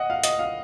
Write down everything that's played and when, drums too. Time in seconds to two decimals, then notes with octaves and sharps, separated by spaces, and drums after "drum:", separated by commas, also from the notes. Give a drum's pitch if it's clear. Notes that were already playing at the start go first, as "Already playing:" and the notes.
Already playing: D#5 F#5
0.10 F5
0.24 D#5, drum: hi-hat
0.39 F5